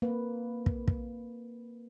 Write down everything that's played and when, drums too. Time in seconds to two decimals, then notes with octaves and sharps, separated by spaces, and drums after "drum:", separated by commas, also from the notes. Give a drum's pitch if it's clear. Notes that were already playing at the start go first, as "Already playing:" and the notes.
0.02 A#3 C4 B4
0.66 drum: kick
0.88 drum: kick